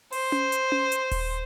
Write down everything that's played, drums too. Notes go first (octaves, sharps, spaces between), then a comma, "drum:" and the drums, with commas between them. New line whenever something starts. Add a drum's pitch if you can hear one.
C5, drum: open hi-hat
drum: tom C#4
drum: hi-hat
drum: tom C#4
drum: hi-hat
drum: kick D#1, open hi-hat